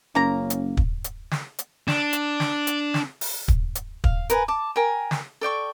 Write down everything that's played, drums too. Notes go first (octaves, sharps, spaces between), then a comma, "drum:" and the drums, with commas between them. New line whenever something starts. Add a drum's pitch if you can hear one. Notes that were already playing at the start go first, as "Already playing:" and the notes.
F#1 A#3 C#4 A#5
drum: hi-hat
drum: kick
drum: hi-hat
drum: snare
drum: hi-hat
D4, drum: snare
drum: hi-hat
drum: snare
drum: hi-hat
drum: snare
drum: open hi-hat
drum: kick
drum: hi-hat
F5, drum: kick
A#4 B4 G#5, drum: hi-hat
A5 D6
A#4 G5 G#5
drum: snare
A4 D5 G5 C#6